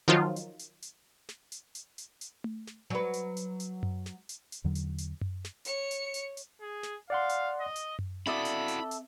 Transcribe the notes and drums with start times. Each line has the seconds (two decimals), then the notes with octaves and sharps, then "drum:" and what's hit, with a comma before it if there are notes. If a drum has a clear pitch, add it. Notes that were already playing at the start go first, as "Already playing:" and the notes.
0.08 D#3 F3 F#3 D#4 F4
0.36 drum: hi-hat
0.59 drum: hi-hat
0.82 drum: hi-hat
1.29 drum: snare
1.52 drum: hi-hat
1.75 drum: hi-hat
1.98 drum: hi-hat
2.21 drum: hi-hat
2.44 drum: tom A3
2.67 drum: snare
2.90 F#3 B4
3.13 drum: hi-hat
3.37 drum: hi-hat
3.60 drum: hi-hat
3.83 drum: tom F#2
4.06 drum: snare
4.29 drum: hi-hat
4.52 drum: hi-hat
4.64 E2 D3 F#3
4.75 drum: hi-hat
4.98 drum: hi-hat
5.21 drum: tom F#2
5.45 drum: snare
5.65 C#5 C#7, drum: hi-hat
5.91 drum: hi-hat
6.14 drum: hi-hat
6.37 drum: hi-hat
6.61 G#4
6.83 drum: snare
7.10 D5 F5 F#5 C6
7.29 drum: hi-hat
7.60 D#5
7.76 drum: hi-hat
7.99 drum: tom F#2
8.27 C4 E4 F#4 A4 D5 E5 B5 D#6
8.45 drum: hi-hat
8.68 drum: hi-hat
8.91 drum: hi-hat